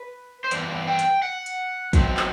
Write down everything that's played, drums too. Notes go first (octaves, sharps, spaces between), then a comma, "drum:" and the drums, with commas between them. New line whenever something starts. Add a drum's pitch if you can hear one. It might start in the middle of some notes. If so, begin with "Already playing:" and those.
Already playing: B4
C5
G2 E3 B3 D4 D5, drum: hi-hat
G5
drum: hi-hat
F#5
drum: hi-hat
B2 F#3 A3 C4, drum: kick, hi-hat
drum: clap